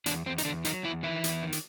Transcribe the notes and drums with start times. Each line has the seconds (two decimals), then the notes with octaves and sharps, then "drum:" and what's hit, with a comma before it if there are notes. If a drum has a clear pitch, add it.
0.06 E2 D3 D4, drum: hi-hat
0.26 E2 C4
0.38 D#4, drum: hi-hat
0.45 E2 D3 D4
0.65 D#3 F#3 D#4, drum: hi-hat
0.83 E2 E3 E4
1.03 D#3 E3 E4
1.24 E2, drum: hi-hat
1.43 D#3
1.52 drum: hi-hat